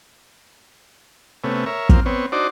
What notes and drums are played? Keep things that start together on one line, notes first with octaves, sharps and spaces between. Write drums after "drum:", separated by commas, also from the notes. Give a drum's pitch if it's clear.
C3 A3 B3 C#4
A#4 C#5 E5
A#3 C4 F4, drum: kick
B3 C4 C#5
D4 D#4 F#4 C5 D5